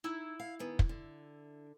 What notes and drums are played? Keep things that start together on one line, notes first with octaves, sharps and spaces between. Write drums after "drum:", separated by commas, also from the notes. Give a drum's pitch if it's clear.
D#4 E4
F5
D#3 G#3 B3
drum: kick
D3